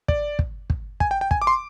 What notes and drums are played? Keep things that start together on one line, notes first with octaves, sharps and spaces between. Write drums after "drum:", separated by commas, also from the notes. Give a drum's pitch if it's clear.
D5, drum: kick
drum: kick
drum: kick
G#5, drum: kick
G5
G5
G#5, drum: kick
D6
C6